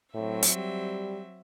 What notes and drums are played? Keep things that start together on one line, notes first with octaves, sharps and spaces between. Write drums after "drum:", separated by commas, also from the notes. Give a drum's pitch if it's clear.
A2 F#3 C4 E5
drum: hi-hat
G3